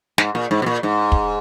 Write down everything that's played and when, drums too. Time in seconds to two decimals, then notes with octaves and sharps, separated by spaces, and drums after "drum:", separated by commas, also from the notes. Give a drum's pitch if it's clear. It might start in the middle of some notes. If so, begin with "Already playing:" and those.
0.18 G#2, drum: snare
0.35 A#2
0.51 G#2
0.62 B2
0.66 A#2
0.83 G#2
1.12 drum: kick